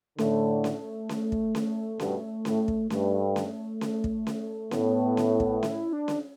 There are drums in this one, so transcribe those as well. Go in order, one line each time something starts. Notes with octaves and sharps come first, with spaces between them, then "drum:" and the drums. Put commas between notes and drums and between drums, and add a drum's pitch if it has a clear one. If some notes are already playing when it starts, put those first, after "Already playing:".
A2 D3 A3, drum: snare C#4
drum: snare C#4
drum: snare C#4
drum: kick
drum: snare C#4
G2 B2, drum: snare C#4
A2, drum: snare C#4
drum: kick
G2 A3, drum: snare C#4
drum: snare C#4
drum: snare C#4
drum: kick
drum: snare C#4
A2 B3, drum: snare C#4
drum: snare C#4
drum: kick
E4, drum: snare C#4
D4
drum: snare C#4